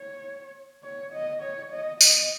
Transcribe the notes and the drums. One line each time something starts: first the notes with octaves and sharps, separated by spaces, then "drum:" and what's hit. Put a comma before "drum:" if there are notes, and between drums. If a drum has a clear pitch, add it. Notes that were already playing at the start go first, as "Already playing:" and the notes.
Already playing: C#5
C#5
D#5
C#5
D#5
D#5, drum: tambourine